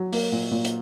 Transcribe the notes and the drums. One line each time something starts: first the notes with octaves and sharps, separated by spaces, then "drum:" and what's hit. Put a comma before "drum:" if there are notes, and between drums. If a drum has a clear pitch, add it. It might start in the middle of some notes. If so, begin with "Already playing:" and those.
Already playing: F#3
A#3, drum: open hi-hat
A#2
A#2
drum: hi-hat